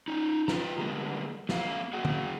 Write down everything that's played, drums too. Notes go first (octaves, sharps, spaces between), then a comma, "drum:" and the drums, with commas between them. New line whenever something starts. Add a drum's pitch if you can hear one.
C#4 D#4
F4 B4 A#5, drum: snare
D3 G3 G#3 A#3 B3
F#3 A3 B3 C#4 F#4 F5, drum: snare
A#3 F#4 G#4 F#5
drum: tom